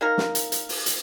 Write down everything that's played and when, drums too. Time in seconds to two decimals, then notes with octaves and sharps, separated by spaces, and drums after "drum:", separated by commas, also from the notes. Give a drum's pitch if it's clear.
0.01 D#3 A#3 D#4 A#4
0.18 drum: snare
0.35 drum: hi-hat
0.52 drum: hi-hat
0.69 drum: open hi-hat
0.86 drum: hi-hat